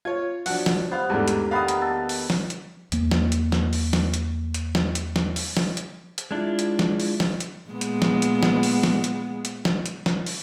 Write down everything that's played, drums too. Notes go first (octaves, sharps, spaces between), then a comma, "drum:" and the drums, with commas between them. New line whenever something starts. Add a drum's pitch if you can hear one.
F4 C#5 G#6
F3 F#3 D4 F#5, drum: open hi-hat
drum: snare
G3 B3 C5 F5
E2 G#2 G3 A3 D4 A#4
drum: hi-hat
D#3 B3 A#4 F5 B5 D#6
drum: hi-hat
A4
drum: open hi-hat
drum: snare
drum: hi-hat
E2 A#3, drum: hi-hat
drum: snare
drum: hi-hat
drum: snare
drum: open hi-hat
drum: snare
drum: hi-hat
drum: hi-hat
drum: snare
drum: hi-hat
drum: snare
drum: open hi-hat
drum: snare
drum: hi-hat
drum: hi-hat
G#3 D4 E4 F4
drum: hi-hat
drum: snare
drum: open hi-hat
drum: snare
drum: hi-hat
A#2 G#3 B3
drum: hi-hat
drum: snare
drum: hi-hat
drum: snare
drum: open hi-hat
drum: snare
drum: hi-hat
drum: hi-hat
drum: snare
drum: hi-hat
drum: snare
drum: open hi-hat